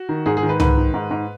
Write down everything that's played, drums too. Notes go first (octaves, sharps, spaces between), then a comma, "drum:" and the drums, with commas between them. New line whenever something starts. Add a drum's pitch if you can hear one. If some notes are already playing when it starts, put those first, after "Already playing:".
Already playing: F#4
D#3
G#2 G#4
G#4
D#3
B4
G#2 B4, drum: tom C2
D#3
G#2
G#2